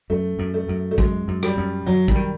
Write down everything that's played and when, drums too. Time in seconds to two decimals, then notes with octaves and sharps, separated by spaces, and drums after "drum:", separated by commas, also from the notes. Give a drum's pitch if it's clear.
0.10 F#2 A3
0.39 F#2
0.54 A3
0.69 F#2
0.91 A3
0.98 F#2 G#3, drum: kick
1.28 F#2
1.43 G3, drum: rim click
1.57 F#2
1.86 F#2 F#3
2.08 G3, drum: kick
2.15 D#3